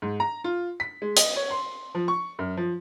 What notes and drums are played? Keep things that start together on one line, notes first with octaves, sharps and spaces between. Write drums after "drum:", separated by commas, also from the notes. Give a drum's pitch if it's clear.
G#2
A#5
F4
B6
G#3
D#5, drum: hi-hat
C#5
C6
F3
C#6
F#2
F3